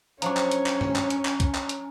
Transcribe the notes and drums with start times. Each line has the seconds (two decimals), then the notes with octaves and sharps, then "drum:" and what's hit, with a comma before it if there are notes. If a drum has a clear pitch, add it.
0.22 F3 F#3 C#4 D4 C#5 A#5 C#6, drum: hi-hat
0.37 drum: clap
0.51 drum: hi-hat
0.66 drum: clap
0.81 drum: tom G2
0.96 drum: clap
1.10 drum: hi-hat
1.25 drum: clap
1.40 drum: kick C#2, hi-hat
1.55 drum: clap
1.69 drum: hi-hat